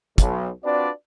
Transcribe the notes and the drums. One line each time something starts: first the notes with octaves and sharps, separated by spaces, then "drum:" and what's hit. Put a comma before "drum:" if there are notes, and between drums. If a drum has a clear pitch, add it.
B1, drum: kick, hi-hat
C4 D4 F4 F#4 B4 D5